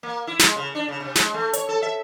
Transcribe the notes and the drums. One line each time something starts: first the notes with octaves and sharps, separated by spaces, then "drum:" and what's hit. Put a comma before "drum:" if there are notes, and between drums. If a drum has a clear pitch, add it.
A#3
E4
G#3, drum: snare
C#3
D4
C#3
C3
G#3, drum: snare
A3
C#5, drum: hi-hat
A4
E5